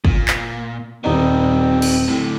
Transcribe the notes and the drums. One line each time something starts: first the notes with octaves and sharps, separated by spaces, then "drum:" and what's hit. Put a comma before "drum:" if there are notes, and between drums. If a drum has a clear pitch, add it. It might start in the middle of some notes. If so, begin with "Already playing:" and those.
A#2, drum: kick
drum: clap
D#1 D#3 G3 C4 D#4 D5
drum: cymbal
A2 D3